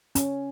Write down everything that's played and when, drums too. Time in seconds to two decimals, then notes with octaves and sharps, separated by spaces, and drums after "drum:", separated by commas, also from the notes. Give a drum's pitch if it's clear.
0.15 C#4, drum: hi-hat